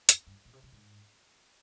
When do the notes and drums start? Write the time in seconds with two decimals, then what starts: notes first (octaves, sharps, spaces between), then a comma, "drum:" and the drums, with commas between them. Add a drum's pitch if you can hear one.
0.09 F2, drum: hi-hat
0.27 G2
0.45 A#2
0.53 C3
0.63 C3
0.72 G#2